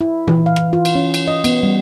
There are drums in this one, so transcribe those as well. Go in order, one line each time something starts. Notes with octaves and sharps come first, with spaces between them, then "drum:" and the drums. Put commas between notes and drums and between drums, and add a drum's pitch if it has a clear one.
E4
E3, drum: tom A#2
F5
drum: rim click
F4
drum: cymbal
C#4
drum: cymbal
D#5
B3, drum: cymbal
G3